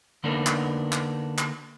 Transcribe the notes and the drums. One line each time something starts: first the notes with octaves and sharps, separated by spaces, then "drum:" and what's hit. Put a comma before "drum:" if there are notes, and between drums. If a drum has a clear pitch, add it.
D3 A#3 B3 D4 D#4 A#4
drum: clap
drum: clap
drum: clap